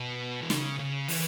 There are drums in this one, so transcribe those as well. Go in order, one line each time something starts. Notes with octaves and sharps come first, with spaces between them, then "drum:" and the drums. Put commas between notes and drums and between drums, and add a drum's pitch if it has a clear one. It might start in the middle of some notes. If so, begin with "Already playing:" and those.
Already playing: B2
E3
C#3, drum: snare
C#3
E3, drum: open hi-hat